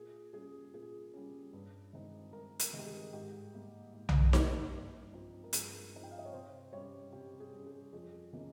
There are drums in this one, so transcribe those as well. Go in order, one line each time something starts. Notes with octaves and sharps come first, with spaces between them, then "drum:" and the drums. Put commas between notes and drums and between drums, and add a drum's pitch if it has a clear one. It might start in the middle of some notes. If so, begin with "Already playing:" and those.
Already playing: A#2 G#4
G3 C#4 G#4
A#2 G#4
G3 C#4
G2
D#3 G#3 C4 D#4
G2 A#4
A#4, drum: hi-hat
D#3 G#3 C4 D#4
G4
G#4
G#2 G4
G3 A#3
G#2
drum: tom B1
G3 A#3, drum: snare D#4
G2
F3 C4 D#4
A#4
G2 G#4, drum: hi-hat
F3 C4 D#4
G5
F5
D#5
C#5
C3 C5
G3 C#4 C#5
C3 G4
G#4
G3 C#4
G#4
F2 G#4
C3 D#3 A#3 C#4